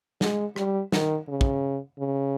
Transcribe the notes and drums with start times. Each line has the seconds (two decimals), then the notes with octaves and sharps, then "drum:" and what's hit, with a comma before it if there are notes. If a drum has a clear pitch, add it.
0.21 G#3, drum: snare
0.56 G3, drum: rim click
0.92 D#3, drum: snare
1.28 C#3
1.41 drum: kick
1.99 C#3